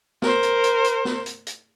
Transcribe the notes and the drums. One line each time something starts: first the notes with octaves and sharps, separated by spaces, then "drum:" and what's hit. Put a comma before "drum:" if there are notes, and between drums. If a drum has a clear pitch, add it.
A#4 C5, drum: snare
drum: hi-hat
drum: hi-hat
drum: hi-hat
drum: snare
drum: hi-hat
drum: hi-hat